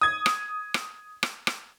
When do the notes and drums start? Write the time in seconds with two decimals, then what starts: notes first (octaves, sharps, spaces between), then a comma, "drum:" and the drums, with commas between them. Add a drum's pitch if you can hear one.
0.01 D#6 G#6
0.26 drum: rim click
0.74 drum: rim click
1.23 drum: rim click
1.47 drum: rim click